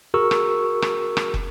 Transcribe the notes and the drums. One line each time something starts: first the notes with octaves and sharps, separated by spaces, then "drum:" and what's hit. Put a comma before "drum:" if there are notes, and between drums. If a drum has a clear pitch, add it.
F#4 G#4 A#4 C#6 E6
drum: rim click
drum: rim click
drum: rim click
drum: kick